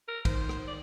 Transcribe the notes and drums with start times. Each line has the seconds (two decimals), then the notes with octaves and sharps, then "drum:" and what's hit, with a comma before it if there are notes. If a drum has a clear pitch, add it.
0.09 A#4
0.25 D#3 C5, drum: kick, cymbal
0.49 drum: rim click
0.68 D5